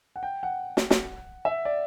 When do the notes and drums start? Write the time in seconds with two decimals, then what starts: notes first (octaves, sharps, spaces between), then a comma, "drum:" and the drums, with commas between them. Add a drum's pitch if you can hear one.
0.16 F#5
0.23 G5
0.43 F#5
0.77 drum: snare
0.90 drum: snare
1.45 E5
1.65 D5